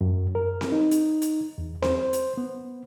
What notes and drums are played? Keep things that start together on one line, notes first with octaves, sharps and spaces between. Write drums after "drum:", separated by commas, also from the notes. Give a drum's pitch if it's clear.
F#2
A#4
drum: snare C4
D#4
drum: hi-hat
drum: hi-hat
E2
C5, drum: snare C4
drum: hi-hat
B3